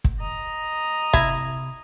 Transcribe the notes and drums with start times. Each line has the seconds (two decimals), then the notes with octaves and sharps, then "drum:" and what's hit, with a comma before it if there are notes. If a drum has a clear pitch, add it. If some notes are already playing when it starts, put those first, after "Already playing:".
0.04 drum: kick
0.20 D#5 A#5
1.13 C3 E4, drum: kick